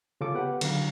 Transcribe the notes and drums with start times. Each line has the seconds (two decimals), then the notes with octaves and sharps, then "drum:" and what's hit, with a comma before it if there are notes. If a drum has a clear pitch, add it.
0.21 C#3 C#4 F4 A4 D6
0.34 B3 G4 B4 F#5
0.61 D3 F#3 F5, drum: cymbal